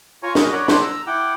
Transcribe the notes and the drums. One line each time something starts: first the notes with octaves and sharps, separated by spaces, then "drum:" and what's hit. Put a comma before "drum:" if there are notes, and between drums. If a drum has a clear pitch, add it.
F4 C#5 G#5 A#5 C#6
C#4 F#4 A#4 D#5, drum: snare
C#5 D5 F#5 A#5 B5 C#6
E4 C5 D5 F#5 A5 C6, drum: snare
A#5 E6
E4 F#5 G5 D6